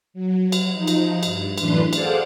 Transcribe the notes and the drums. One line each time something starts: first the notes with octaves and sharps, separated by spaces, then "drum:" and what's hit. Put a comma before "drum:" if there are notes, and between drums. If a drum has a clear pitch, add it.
F#3
drum: cymbal
F3 D#4
drum: cymbal
G2, drum: cymbal
F#2 A2 E3 D4 B4 C6, drum: cymbal
G#4 A4 C5 D5 F5 F#5, drum: cymbal